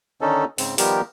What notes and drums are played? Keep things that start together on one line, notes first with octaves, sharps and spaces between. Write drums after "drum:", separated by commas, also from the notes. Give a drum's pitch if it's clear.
D3 D#3 C#4 D#4 A4
G#2 C#3 C4, drum: open hi-hat
D#3 F3 G3 B3 G4 A#4, drum: open hi-hat